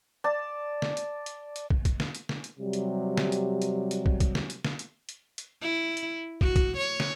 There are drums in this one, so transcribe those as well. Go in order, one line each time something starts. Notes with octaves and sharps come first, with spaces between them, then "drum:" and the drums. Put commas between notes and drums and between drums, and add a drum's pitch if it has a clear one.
D5 A5
drum: snare
drum: hi-hat
drum: hi-hat
drum: hi-hat
drum: kick
drum: kick, hi-hat
drum: snare
drum: hi-hat
drum: snare
drum: hi-hat
C3 F#3 G3
drum: hi-hat
drum: snare
drum: hi-hat
drum: hi-hat
drum: hi-hat
drum: kick
drum: kick, hi-hat
drum: snare
drum: hi-hat
drum: snare
drum: hi-hat
drum: hi-hat
drum: hi-hat
E4
drum: hi-hat
F#4, drum: kick
drum: kick, hi-hat
C#5
drum: snare